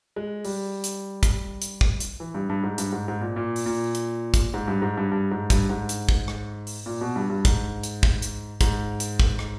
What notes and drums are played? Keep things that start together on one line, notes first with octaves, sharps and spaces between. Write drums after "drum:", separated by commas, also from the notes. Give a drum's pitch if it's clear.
G#3
G3, drum: open hi-hat
drum: hi-hat
drum: kick, hi-hat
drum: hi-hat
drum: kick
drum: hi-hat
E3
G2
G2
G#2
G2, drum: hi-hat
G#2
G#2
A#2
A#2
drum: open hi-hat
A#2
drum: hi-hat
drum: kick, hi-hat
G#2
G2
G#2
G2
G2
G#2
G2, drum: kick, hi-hat
G#2
drum: hi-hat
drum: kick
drum: rim click
drum: open hi-hat
A#2
B2
G2
G2
G#2, drum: kick, hi-hat
drum: hi-hat
drum: kick
drum: hi-hat
G#2, drum: kick, hi-hat
drum: hi-hat
drum: kick
drum: rim click